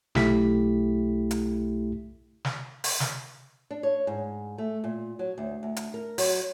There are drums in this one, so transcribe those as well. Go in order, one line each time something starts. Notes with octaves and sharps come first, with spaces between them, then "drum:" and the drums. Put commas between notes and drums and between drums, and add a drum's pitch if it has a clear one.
B1 A3 E4 G4 B6, drum: snare
drum: hi-hat
drum: snare
drum: open hi-hat
drum: snare
D4
C#5
G#2
A3
A#2
F#3
D2
D2
drum: hi-hat
A#4
F#3, drum: open hi-hat